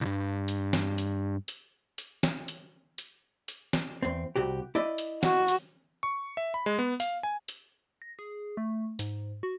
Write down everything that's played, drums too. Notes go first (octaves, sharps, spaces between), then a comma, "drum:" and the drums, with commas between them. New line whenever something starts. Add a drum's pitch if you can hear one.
C2 G2
drum: hi-hat
drum: snare
drum: hi-hat
drum: hi-hat
drum: hi-hat
drum: snare
drum: hi-hat
drum: hi-hat
drum: hi-hat
drum: snare
E2 C4
C2 F#4 G4
E4 D5 D#5
drum: hi-hat
F#4, drum: snare
drum: hi-hat
C#6
E5
B5
G#3
B3
F5, drum: hi-hat
G#5
drum: hi-hat
A#6
G#4
A3
G#2, drum: hi-hat
F#4